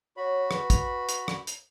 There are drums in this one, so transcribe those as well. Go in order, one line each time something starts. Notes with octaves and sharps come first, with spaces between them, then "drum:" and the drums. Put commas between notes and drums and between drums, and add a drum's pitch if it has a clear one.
F#4 C#5 B5
B4, drum: rim click
drum: kick, hi-hat
drum: hi-hat
drum: rim click
drum: hi-hat